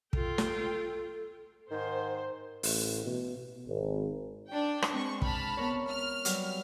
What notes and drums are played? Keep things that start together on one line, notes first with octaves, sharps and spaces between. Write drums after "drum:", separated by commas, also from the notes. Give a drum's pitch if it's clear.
F4 A4 G5, drum: kick
drum: snare
G#2 D#3 C5
A1, drum: open hi-hat
B2
G#1
D4 G5
drum: rim click
G#3 C4 C#6
A5 B5 F6, drum: kick
B3 A#4 C#5
F6
F#3 G3 B4, drum: hi-hat